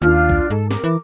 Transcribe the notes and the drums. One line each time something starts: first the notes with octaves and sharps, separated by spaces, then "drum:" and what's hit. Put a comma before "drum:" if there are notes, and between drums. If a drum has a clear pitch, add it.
D#2 D4 F4 F6
drum: kick B1
G#2 A4
A#4 D6, drum: snare
E3